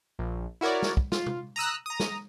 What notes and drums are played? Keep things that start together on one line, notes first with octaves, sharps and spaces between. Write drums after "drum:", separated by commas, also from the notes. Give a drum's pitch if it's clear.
A#1
E4 F#4 A#4 C#5 D5
drum: snare
drum: kick
F4, drum: snare
drum: tom C3
A#5 D#6 E6 F#6
A#5 D#6
drum: snare